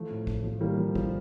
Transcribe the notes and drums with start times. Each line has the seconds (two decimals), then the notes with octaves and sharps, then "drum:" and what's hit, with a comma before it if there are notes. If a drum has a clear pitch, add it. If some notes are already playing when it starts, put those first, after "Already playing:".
Already playing: F3 A3
0.11 A2
0.27 A2, drum: kick
0.44 F3
0.61 F3 G3 A#3
0.78 F3
0.95 F3, drum: kick